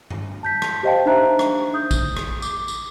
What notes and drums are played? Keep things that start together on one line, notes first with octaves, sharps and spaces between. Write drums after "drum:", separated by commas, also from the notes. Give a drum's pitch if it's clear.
drum: tom G2
A5 G6 B6
drum: rim click
G4 C5 D#5 F5 G5 A5
D4 D#4 C5 E5 A#5 F#6
drum: rim click
D#6 G6
drum: kick A1, tambourine
drum: rim click
D6, drum: tambourine
drum: tambourine